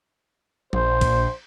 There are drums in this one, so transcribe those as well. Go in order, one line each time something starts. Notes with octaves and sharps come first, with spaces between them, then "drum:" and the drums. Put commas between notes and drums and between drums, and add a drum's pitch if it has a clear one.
A#1 C5, drum: tom F3
drum: kick A#1, cymbal